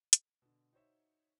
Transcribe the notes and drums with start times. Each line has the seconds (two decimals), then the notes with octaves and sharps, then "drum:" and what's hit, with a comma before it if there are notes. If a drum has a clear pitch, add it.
0.13 drum: hi-hat
0.42 B2 D3
0.73 D#4 F#4 C5 C#5 E5